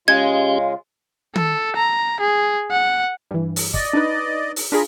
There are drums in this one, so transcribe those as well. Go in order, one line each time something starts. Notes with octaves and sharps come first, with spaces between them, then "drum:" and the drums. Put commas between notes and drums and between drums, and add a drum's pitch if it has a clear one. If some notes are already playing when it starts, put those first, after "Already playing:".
C#3 G#3 C#4 F4 G4 D#5 G#5 G#6
A4, drum: tom D#3
A#5
G#4
F#5
G2 E3
drum: open hi-hat
D5 D#5, drum: kick
D4 D#4 B4
drum: open hi-hat
D4 F4 G#4 A#4 B5